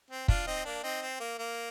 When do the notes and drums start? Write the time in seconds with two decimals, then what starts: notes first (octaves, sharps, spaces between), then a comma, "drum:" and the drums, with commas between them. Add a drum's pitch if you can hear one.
0.10 C4
0.28 D4 F4, drum: kick
0.47 C4 D#4
0.65 A#3 D4
0.83 C4 D#4
1.02 C4
1.20 A#3
1.38 A#3